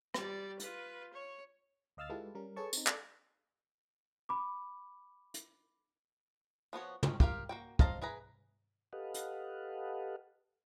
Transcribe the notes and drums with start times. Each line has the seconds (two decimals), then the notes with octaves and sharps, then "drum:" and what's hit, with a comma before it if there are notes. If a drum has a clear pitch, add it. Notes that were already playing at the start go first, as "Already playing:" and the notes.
0.14 G3 D5, drum: rim click
0.60 F4 B4, drum: hi-hat
1.14 C#5
1.97 D2 D#5 F5 E6 F6 A6
2.10 G#3 E4 F4 G4 A4 B4
2.35 G3 C#4 A#4
2.56 G#4 A4 B4 C#5 A5 C#6
2.73 C4 D#4, drum: tambourine
2.87 A4 D5, drum: clap
4.29 B5 D6
5.34 drum: hi-hat
6.73 F3 B3 F#4 C#5
7.03 D#3 F#3 C4 C#4, drum: tom
7.20 F4 G4 A#4 F5, drum: kick
7.49 A#3 F#4 G5
7.79 C5 D#5 F5 A5 A#5, drum: kick
8.02 E4 G#4 B4 A#5
8.93 G4 A4 B4 D#5 F5 F#5
9.14 drum: hi-hat